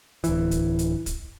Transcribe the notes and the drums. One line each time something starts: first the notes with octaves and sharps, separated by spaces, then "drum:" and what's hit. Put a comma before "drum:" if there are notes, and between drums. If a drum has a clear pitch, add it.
D1 E3, drum: hi-hat
drum: kick, hi-hat
drum: hi-hat
drum: kick, hi-hat